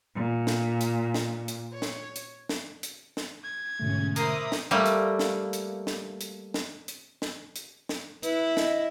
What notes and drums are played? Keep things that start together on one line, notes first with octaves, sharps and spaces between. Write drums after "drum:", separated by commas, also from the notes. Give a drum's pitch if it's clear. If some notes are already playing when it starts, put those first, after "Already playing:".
A#2
drum: snare
drum: hi-hat
drum: snare
drum: hi-hat
C#5
drum: snare
drum: hi-hat
drum: snare
drum: hi-hat
drum: snare
G#6
G#2 B2 D3 A3 C#4
A#3 C5 E5 A#5 B5 D6 D#6, drum: hi-hat
drum: snare
G3 A3 A#3
drum: hi-hat
drum: snare
drum: hi-hat
drum: snare
drum: hi-hat
drum: snare
drum: hi-hat
drum: snare
drum: hi-hat
drum: snare
E4 B4, drum: hi-hat
D#5, drum: snare